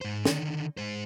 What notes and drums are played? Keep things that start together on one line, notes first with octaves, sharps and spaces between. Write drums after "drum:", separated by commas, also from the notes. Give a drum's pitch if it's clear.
G#2 C5
D3 D#3, drum: snare
G#3 C5